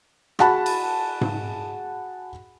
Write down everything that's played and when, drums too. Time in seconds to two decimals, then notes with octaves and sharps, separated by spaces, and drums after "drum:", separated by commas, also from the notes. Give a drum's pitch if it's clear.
0.39 F#4 G#4 F#5 A5 B5, drum: rim click
0.66 drum: cymbal
1.21 drum: tom G#2